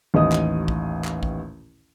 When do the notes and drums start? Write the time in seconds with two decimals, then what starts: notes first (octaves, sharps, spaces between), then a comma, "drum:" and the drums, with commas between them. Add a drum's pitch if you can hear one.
0.14 A1 D#2 D#5 D#6
0.32 drum: clap
0.68 drum: kick
1.05 drum: clap
1.23 drum: kick